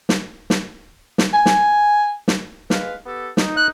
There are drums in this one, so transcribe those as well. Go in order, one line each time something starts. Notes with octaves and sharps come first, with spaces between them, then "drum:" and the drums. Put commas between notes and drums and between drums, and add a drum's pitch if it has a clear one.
drum: snare
drum: snare
drum: snare
G#5
drum: snare
drum: snare
G#3 B4 F5, drum: snare
B3 G4 A4
D#4, drum: snare
F#6